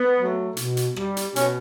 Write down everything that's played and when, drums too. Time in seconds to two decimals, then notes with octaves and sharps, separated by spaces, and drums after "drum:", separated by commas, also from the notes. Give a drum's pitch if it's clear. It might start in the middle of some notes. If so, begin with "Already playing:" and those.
Already playing: B3
0.18 F#3 A3
0.57 B2, drum: hi-hat
0.77 drum: hi-hat
0.96 G3, drum: rim click
1.17 drum: hi-hat
1.36 B2 C#4, drum: hi-hat